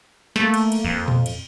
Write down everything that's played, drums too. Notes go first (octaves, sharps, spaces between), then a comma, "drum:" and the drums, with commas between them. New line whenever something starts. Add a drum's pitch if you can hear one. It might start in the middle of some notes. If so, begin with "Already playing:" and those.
A3 A#3, drum: snare
drum: cymbal
drum: cymbal
F2
drum: tom A#2
drum: cymbal